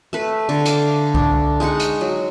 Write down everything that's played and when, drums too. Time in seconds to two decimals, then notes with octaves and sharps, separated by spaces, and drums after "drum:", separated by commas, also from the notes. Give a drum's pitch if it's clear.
0.13 A3 B4
0.49 D3
0.66 F5 D6, drum: hi-hat
1.14 D4, drum: kick C2
1.60 G#3 D#4 F#5 C#6
1.80 drum: hi-hat
2.01 F#3